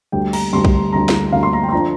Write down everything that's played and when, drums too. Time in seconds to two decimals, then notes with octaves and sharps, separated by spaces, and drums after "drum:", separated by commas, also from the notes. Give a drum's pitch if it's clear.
0.12 D2 D3 G3 G5
0.33 A#5, drum: cymbal
0.53 D2 D3 G3 C6
0.65 drum: kick A#1
0.92 D2 D3 G3 A#5
1.09 drum: snare
1.32 D2 D3 G3 F5
1.43 C6
1.53 A#5
1.63 G5
1.69 C6
1.72 F3 D4 A#5